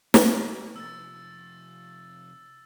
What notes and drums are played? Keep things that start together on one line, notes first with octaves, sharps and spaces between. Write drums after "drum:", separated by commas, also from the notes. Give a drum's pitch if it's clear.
D4, drum: snare
C3 F3 E6 A6